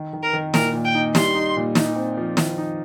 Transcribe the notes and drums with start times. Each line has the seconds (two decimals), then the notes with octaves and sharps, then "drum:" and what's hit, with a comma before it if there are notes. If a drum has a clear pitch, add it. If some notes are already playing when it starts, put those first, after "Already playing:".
Already playing: D#3
0.13 D#3
0.23 A#4
0.33 D#3
0.54 A#2 A#4, drum: snare
0.74 A#2
0.84 G5
0.95 D#4
1.15 G3 C6, drum: snare
1.35 D#4
1.56 A#2
1.75 D#4, drum: snare
1.96 C4
2.17 F3
2.37 D#3, drum: snare
2.58 D#4